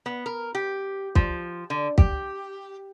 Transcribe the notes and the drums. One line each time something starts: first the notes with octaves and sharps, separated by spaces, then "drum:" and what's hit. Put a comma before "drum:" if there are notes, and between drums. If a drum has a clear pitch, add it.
B3
A#4
G4
F3, drum: kick
D3
G4, drum: kick